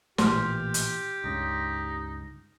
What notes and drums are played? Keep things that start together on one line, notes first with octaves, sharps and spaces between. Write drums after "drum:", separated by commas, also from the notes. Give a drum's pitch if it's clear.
A1 A#2 E3 G4 C6 F6, drum: snare
drum: hi-hat
C#2 G2 C#3 D#4